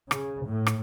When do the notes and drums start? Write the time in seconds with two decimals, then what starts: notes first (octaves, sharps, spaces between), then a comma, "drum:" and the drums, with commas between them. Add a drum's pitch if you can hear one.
0.11 C#3, drum: rim click
0.46 A2
0.67 drum: rim click